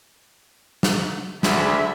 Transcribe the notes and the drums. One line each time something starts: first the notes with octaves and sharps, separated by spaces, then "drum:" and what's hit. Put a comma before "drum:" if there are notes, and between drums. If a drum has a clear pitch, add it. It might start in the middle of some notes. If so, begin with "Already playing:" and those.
drum: snare
D2 G#3 E5 B5, drum: snare